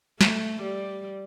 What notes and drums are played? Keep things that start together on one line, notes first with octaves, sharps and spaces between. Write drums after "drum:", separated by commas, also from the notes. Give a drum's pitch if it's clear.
A3, drum: snare
G3